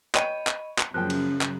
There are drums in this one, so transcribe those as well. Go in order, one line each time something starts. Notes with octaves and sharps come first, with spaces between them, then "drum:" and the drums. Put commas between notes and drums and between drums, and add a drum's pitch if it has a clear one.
B4 C#5 D#5 G5 B5 D#7, drum: clap
drum: clap
drum: clap
F#2 C#3 F3 A#3 G5 F#6
drum: cymbal
drum: clap